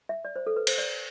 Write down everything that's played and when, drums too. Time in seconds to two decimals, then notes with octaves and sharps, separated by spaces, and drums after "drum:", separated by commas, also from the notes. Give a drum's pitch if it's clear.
0.09 E5
0.25 D5
0.36 C5
0.47 A4
0.56 B4
0.67 C5, drum: cymbal
0.78 D5